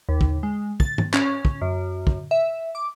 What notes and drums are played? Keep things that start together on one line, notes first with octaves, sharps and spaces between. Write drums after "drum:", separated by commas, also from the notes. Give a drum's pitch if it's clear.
D#2
drum: kick
G#3
A6, drum: kick
drum: tom G#2
C#4, drum: clap
drum: kick
F#2
drum: kick
E5
D6